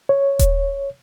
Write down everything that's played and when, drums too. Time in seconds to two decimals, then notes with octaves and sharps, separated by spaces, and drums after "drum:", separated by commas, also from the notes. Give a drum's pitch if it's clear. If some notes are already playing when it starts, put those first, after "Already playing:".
0.09 C#5
0.39 drum: kick D#1, hi-hat